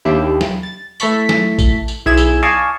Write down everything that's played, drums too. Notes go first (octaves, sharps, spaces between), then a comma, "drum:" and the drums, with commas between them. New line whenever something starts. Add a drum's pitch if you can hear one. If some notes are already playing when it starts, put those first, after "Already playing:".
D#2 D4 E4 G4
drum: snare
A6
A3 E4 A5 C#6 B6, drum: tambourine
drum: snare
drum: kick A1, tambourine
drum: tambourine
B1 E4 G#4 G#5 G#6 E7
drum: tambourine
D5 D#5 F5 G#5 A5 C#6